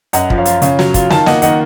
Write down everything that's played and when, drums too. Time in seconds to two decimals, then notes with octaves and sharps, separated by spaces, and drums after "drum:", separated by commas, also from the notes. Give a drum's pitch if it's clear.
0.13 F#2 D#5 F#5, drum: hi-hat
0.30 F3, drum: kick
0.38 C#5 F5
0.45 F4, drum: hi-hat
0.62 C#3 C#5 F5, drum: hi-hat
0.79 F#3, drum: snare
0.94 F4, drum: kick, hi-hat
1.10 D#3 F5 A5, drum: snare
1.26 A#3 D#5 F#5, drum: snare
1.42 D#3 D#5 F#5, drum: hi-hat